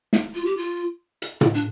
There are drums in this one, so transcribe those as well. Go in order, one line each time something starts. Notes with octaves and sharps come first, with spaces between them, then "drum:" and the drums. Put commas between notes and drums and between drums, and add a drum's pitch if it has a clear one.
drum: snare
F4
G4
F4
drum: hi-hat
E4, drum: tom
D4